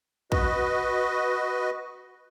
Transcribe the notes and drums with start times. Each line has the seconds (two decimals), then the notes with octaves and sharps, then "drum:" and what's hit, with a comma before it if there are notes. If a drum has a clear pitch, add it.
0.32 F#4 B4 D#5, drum: kick